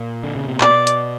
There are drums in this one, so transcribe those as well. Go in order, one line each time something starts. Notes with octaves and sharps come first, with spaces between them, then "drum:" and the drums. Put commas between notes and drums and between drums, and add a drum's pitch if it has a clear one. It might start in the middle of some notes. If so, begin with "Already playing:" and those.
Already playing: A#2
D3
C#3
C3
B2 D5, drum: clap
drum: hi-hat